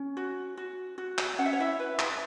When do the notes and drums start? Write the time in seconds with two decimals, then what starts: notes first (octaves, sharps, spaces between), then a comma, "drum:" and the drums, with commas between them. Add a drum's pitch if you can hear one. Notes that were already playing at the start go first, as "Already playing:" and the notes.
Already playing: C#4
0.17 F#4
0.57 F#4
0.98 F#4
1.18 drum: clap
1.38 C#4 F#5
1.46 E5
1.53 C#5
1.60 E4 E5
1.80 B4
1.99 drum: clap